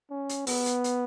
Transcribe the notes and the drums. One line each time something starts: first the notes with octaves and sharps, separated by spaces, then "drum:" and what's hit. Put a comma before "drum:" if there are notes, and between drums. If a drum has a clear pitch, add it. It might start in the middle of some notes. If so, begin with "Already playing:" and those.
C#4
drum: hi-hat
B3, drum: open hi-hat
drum: hi-hat
drum: hi-hat